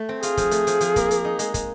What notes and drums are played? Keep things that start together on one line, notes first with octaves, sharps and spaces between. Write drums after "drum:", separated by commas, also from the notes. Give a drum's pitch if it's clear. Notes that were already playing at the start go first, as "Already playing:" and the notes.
Already playing: A3
C4
F4 G#4, drum: hi-hat
F3, drum: kick, hi-hat
A3, drum: hi-hat
F3, drum: hi-hat
F3, drum: hi-hat
A#3, drum: kick, hi-hat
A#3, drum: hi-hat
D#4
G#3, drum: hi-hat
G#3, drum: kick, hi-hat